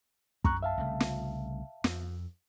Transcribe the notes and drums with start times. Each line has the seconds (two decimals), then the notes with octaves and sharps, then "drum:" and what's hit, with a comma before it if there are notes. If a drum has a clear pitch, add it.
0.44 F#2 A#5 C#6 F#6, drum: kick
0.63 E5 F5 A5
0.78 C2 C#3 A3
1.00 drum: snare
1.84 F2, drum: snare